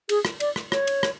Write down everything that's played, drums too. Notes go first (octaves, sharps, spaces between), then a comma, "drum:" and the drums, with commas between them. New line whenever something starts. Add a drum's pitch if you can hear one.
G#4, drum: cymbal
drum: rim click
D5, drum: cymbal
drum: rim click
C#5, drum: rim click
drum: cymbal
drum: rim click